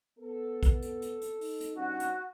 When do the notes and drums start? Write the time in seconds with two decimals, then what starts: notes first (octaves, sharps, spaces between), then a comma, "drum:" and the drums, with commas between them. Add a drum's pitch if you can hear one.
0.19 B3 A4
0.63 drum: kick, hi-hat
0.82 drum: hi-hat
1.02 drum: hi-hat
1.21 drum: hi-hat
1.41 D#4, drum: open hi-hat
1.61 drum: hi-hat
1.75 G2 C#4 F#4
2.00 drum: hi-hat